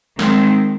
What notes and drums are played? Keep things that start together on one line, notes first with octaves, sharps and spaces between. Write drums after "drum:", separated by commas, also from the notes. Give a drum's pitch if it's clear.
D#3 G#3 C4, drum: snare